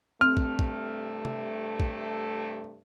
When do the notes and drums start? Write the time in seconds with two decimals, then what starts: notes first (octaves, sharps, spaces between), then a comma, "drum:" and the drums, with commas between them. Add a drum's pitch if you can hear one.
0.21 G2 C3 A3 C4 F6
0.37 drum: kick
0.59 drum: kick
1.25 drum: tom C3
1.80 drum: kick